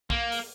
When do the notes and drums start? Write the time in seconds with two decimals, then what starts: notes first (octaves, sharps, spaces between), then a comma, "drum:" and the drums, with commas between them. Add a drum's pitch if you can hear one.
0.10 A#3, drum: kick
0.32 drum: open hi-hat